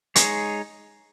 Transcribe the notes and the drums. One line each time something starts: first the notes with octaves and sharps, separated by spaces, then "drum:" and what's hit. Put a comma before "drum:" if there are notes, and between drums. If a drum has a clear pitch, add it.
G#3 D#4 G#4 C#5, drum: hi-hat